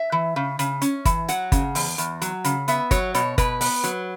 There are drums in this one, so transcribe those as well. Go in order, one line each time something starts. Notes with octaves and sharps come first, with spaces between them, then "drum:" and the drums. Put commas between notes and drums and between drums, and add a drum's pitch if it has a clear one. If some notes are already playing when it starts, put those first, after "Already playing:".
Already playing: E5
E3
C#3
C#3, drum: hi-hat
C#4, drum: hi-hat
E3, drum: kick G1, hi-hat
F#3 F#5, drum: hi-hat
C#3, drum: kick G1, hi-hat
E2, drum: open hi-hat
E2, drum: hi-hat
F#3, drum: hi-hat
C#3, drum: hi-hat
B3 E5, drum: hi-hat
F#3 C#5, drum: kick G1, hi-hat
B2 C#5, drum: hi-hat
B2 B4, drum: kick G1, hi-hat
B3, drum: open hi-hat
F#3, drum: hi-hat